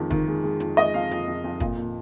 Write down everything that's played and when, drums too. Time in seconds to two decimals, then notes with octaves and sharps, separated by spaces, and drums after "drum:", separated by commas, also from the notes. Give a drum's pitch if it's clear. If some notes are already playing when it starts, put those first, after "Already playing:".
Already playing: F2 D#3 G#3
0.10 D#3, drum: kick, hi-hat
0.28 G#3
0.44 G#3
0.60 F2, drum: hi-hat
0.77 G#3 D#5
0.94 F2 F5
1.11 F2, drum: hi-hat
1.27 F2
1.44 F2
1.60 A#2, drum: kick, hi-hat
1.77 A#2